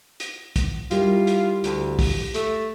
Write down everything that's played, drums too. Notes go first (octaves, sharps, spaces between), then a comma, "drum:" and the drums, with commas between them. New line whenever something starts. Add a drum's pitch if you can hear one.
drum: hi-hat
drum: kick, hi-hat
G3 E4 F4 A#4, drum: hi-hat
drum: hi-hat
D2, drum: hi-hat
drum: kick, open hi-hat
A3, drum: hi-hat